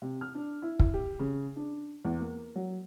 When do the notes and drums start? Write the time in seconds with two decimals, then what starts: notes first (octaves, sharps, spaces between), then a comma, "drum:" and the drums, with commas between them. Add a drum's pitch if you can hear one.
0.02 C3
0.21 F6
0.35 D4
0.62 E4
0.80 E4, drum: kick
0.94 G4
1.19 C#3
1.56 D4
2.05 E2
2.21 A#3
2.56 F#3